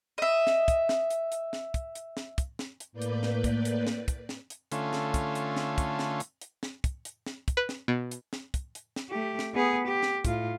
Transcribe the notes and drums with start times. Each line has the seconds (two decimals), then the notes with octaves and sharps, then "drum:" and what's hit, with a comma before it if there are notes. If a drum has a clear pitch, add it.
0.18 D#5 E5
0.47 drum: snare
0.68 drum: kick, hi-hat
0.89 drum: snare
1.10 drum: hi-hat
1.32 drum: hi-hat
1.53 drum: snare
1.74 drum: kick, hi-hat
1.95 drum: hi-hat
2.17 drum: snare
2.38 drum: kick, hi-hat
2.59 drum: snare
2.80 drum: hi-hat
2.92 A2 A#3 B4 D5 G6
3.02 drum: hi-hat
3.23 drum: snare
3.44 drum: kick, hi-hat
3.65 drum: hi-hat
3.87 drum: snare
4.08 drum: kick, hi-hat
4.29 drum: snare
4.50 drum: hi-hat
4.72 D3 A3 C#4 F4, drum: hi-hat
4.93 drum: snare
5.14 drum: kick, hi-hat
5.35 drum: hi-hat
5.57 drum: snare
5.78 drum: kick, hi-hat
5.99 drum: snare
6.20 drum: hi-hat
6.42 drum: hi-hat
6.63 drum: snare
6.84 drum: kick, hi-hat
7.05 drum: hi-hat
7.26 drum: snare
7.48 drum: kick, hi-hat
7.57 B4
7.69 drum: snare
7.88 B2
8.11 drum: hi-hat
8.33 drum: snare
8.54 drum: kick, hi-hat
8.75 drum: hi-hat
8.96 drum: snare
9.10 A3 G4
9.39 drum: snare
9.55 B3 G#4
9.87 G4
10.03 drum: snare
10.25 A2 F4, drum: kick, hi-hat